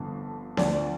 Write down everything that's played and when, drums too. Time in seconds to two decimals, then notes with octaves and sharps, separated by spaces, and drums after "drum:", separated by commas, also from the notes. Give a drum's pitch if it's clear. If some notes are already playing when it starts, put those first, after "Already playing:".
Already playing: G1 F2 D3
0.57 D2 D3 F3 D5, drum: snare B3